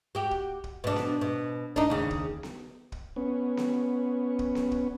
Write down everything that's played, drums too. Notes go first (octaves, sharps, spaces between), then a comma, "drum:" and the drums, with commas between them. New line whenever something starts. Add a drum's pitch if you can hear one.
F#4 G4
drum: kick
drum: kick
B2 D4
drum: snare B3
B2
D4 D#4, drum: kick
D#2 C#3
drum: kick
drum: snare B3
drum: kick
B3 C#4
drum: snare B3
drum: kick
drum: snare B3
drum: kick